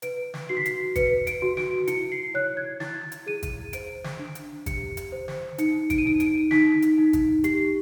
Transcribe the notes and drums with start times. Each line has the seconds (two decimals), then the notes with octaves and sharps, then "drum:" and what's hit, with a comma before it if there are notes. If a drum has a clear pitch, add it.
0.02 B4 D7, drum: hi-hat
0.34 drum: snare
0.49 F#4 C7
0.57 B6
0.66 C7, drum: hi-hat
0.96 B4 C#7, drum: kick G#1, hi-hat
1.27 D7, drum: hi-hat
1.42 F#4
1.57 D7, drum: snare
1.88 E4 C#7, drum: hi-hat
2.12 C7
2.34 C#5 F#6
2.57 G#6
2.80 E4 A6, drum: snare
3.12 drum: hi-hat
3.27 G#4 D#7
3.43 drum: kick G#1, hi-hat
3.73 C5 D7, drum: hi-hat
4.04 drum: snare
4.19 D4
4.35 drum: hi-hat
4.66 G4 C#7, drum: kick G#1, hi-hat
4.97 drum: hi-hat
5.12 C5
5.28 drum: snare
5.58 D#4 C#7, drum: hi-hat
5.90 D7, drum: kick G#1, hi-hat
5.98 D#7
6.06 D#4 D7
6.20 D7, drum: hi-hat
6.51 D#4 B6, drum: snare
6.82 drum: hi-hat
6.98 D#4
7.13 drum: kick G#1, hi-hat
7.44 G4 C7, drum: hi-hat